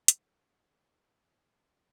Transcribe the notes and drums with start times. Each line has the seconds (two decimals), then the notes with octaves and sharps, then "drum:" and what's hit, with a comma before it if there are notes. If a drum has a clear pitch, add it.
0.08 D#2 F#5, drum: hi-hat